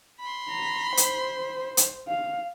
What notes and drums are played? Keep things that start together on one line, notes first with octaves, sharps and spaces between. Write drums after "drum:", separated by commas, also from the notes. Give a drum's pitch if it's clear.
B5 C6
A#5
C5, drum: hi-hat
drum: hi-hat
F5